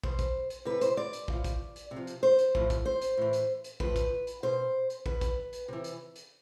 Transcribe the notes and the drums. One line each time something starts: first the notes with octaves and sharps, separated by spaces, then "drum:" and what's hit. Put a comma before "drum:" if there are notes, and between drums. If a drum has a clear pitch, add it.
B2 C5, drum: kick
drum: kick, hi-hat
drum: hi-hat
C3 E3 B4
C5, drum: hi-hat
D5
drum: hi-hat
A2 F3, drum: kick
drum: kick, hi-hat
drum: hi-hat
C3
F3
drum: hi-hat
C5
drum: hi-hat
A2 F3, drum: kick
drum: kick, hi-hat
C5
drum: hi-hat
A2 E3
drum: hi-hat
drum: hi-hat
A2 F3 B4, drum: kick
drum: kick, hi-hat
drum: hi-hat
B2 C5
drum: hi-hat
B2 B4, drum: kick
drum: kick, hi-hat
drum: hi-hat
C3 E3
drum: hi-hat
drum: hi-hat